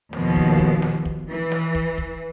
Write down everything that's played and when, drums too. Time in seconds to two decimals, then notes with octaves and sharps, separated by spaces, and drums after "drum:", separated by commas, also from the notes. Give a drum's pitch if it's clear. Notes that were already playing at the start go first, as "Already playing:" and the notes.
0.13 D#2 B2 F3, drum: snare
0.36 drum: kick
0.59 drum: kick
0.82 drum: snare
1.05 drum: kick
1.30 E3
1.52 drum: snare
1.75 drum: kick
1.98 drum: kick